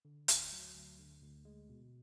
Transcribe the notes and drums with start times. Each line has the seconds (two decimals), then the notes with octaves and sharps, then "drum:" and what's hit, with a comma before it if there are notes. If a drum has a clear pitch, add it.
0.05 D3
0.28 D2, drum: hi-hat
0.53 F#3
0.75 D2
0.99 D3
1.22 D2
1.45 G#3
1.69 B2